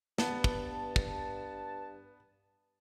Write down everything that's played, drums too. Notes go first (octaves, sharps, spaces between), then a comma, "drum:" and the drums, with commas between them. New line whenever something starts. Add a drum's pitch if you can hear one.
G2 B3 A5, drum: snare
drum: kick
drum: kick